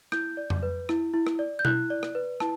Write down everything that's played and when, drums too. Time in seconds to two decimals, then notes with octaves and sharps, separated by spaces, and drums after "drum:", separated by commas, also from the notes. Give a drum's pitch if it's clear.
0.12 E4 G6, drum: rim click
0.37 D5
0.50 drum: tom F2
0.63 B4
0.89 E4, drum: rim click
1.14 E4
1.27 drum: rim click
1.39 D5
1.59 G6
1.65 E4 F#6, drum: tom B2
1.90 D5
2.03 drum: rim click
2.15 B4
2.40 E4 A5, drum: rim click